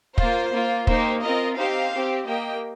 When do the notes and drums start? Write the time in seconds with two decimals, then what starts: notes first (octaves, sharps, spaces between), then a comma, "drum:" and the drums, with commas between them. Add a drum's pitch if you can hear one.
0.18 A#3 F4 C5, drum: kick
0.53 A#3 F4
0.87 A#3 D#4 G4 C5, drum: kick
1.22 C4 F4 A#4 D#5
1.57 C4 D#4 G4 C5 F5
1.92 C4 G4
2.26 A#3 G4 D#5 G5